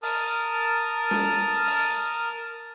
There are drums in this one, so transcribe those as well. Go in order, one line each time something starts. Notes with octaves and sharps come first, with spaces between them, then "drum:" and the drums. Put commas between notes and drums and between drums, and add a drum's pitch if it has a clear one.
A#4 A5 D#6 F6, drum: open hi-hat
drum: snare
drum: open hi-hat